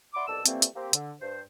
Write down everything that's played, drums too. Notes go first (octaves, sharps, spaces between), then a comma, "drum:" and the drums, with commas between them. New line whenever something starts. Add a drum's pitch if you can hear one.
D5 E5 F#5 B5 C6 D6
C2 B2 A4 D5 A5 E6
E3 F3 G3 A3 A#3 C4, drum: hi-hat
drum: hi-hat
A#3 C4 G4
D3, drum: hi-hat
G2 C5